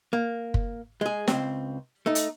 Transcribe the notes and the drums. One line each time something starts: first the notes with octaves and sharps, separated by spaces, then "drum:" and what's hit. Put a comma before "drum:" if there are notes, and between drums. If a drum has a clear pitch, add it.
A#3
drum: kick
G#3 G#4
C#2 C4, drum: snare
A3 D#4
drum: hi-hat